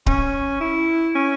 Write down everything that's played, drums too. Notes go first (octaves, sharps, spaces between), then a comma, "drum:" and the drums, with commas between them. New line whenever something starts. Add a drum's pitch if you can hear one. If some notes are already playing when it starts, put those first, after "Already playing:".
C#4, drum: kick D1
E4
C#4